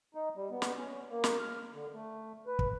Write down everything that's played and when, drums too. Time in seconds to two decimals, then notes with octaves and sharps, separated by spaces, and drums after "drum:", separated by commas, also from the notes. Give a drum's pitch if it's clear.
0.15 D#4
0.36 G3
0.51 B3
0.62 drum: snare
0.77 C#4
1.10 A#3
1.24 drum: snare
1.39 F6
1.73 D3
1.94 A3
2.47 B4
2.59 drum: kick